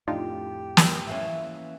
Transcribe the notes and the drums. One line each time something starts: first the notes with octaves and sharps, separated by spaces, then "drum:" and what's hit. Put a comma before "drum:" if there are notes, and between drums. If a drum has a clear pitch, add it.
F2 A2 D4 D#4 F4 G4
drum: snare
E3 A#3 C#4